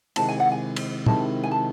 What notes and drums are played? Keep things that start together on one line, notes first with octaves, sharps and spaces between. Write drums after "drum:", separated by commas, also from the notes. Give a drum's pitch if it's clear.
C3 D#3 G#3 C4 E4 A5, drum: cymbal
G#5
F#5
G#5
drum: cymbal
C3 D#3 G#3 C4 E4 A5, drum: tom
G#5
A5